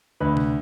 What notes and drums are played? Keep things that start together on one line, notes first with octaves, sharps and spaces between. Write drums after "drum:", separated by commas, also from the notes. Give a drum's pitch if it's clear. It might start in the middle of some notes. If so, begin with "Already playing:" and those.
D2 B4
drum: tom C3